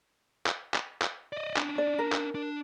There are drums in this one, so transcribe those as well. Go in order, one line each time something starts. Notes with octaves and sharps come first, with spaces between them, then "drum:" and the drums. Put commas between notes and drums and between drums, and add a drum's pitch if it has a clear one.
drum: clap
drum: clap
drum: clap
D5 D#5
C#4 D4, drum: clap
D5
A#4
drum: clap
D4